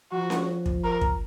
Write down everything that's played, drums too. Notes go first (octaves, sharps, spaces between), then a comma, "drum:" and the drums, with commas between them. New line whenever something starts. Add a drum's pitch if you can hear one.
F3 F#4
drum: snare C#4
drum: kick
A#4
drum: kick